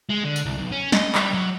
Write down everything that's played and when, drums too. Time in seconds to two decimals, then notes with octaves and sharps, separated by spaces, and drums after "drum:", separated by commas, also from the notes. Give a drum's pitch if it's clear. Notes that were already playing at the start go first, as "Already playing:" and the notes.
0.09 G#3
0.24 D3
0.36 drum: tambourine
0.45 C2
0.58 B1
0.72 C#4
0.92 D#5, drum: snare
1.15 G3, drum: clap
1.33 F#3